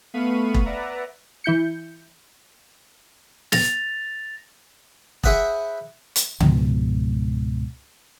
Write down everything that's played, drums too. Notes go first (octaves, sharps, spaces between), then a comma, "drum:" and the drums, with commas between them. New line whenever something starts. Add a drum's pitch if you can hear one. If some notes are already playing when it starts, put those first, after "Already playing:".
A3 B3 F5 B5 C#6 D#7
drum: kick E1
B4 D5 E5 F#5 A#5
E3 E4 G6 C#7
A6 A#6 F7, drum: snare
E4 G#4 C5 E5 F#5 D#6, drum: kick E1
drum: hi-hat
C#2 G#2 B2 F3, drum: tom C#3